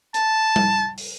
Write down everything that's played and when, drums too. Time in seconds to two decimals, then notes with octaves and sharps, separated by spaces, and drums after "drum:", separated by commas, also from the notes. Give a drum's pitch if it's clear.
0.14 A5, drum: hi-hat
0.56 drum: tom G3
0.98 drum: open hi-hat